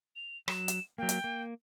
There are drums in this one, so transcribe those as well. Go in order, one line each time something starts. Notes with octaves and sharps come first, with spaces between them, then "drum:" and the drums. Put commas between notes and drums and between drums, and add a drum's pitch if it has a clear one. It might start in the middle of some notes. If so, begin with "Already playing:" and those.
F7
F#3 E7, drum: rim click
drum: hi-hat
F#3 A#3 G5
drum: hi-hat
A#3